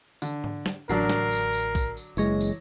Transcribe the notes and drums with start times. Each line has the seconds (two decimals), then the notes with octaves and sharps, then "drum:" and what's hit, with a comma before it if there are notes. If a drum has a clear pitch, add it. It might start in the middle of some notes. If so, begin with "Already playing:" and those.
0.22 D3, drum: tambourine
0.44 drum: tom G#2
0.66 drum: snare
0.89 A1 D3 F#3 D4 A#4 C7, drum: tambourine
1.09 drum: snare
1.31 drum: tambourine
1.53 drum: tambourine
1.75 drum: kick B1, tambourine
1.97 drum: tambourine
2.17 F#1 E3 G#3 C#5 A#6, drum: tambourine
2.41 drum: tambourine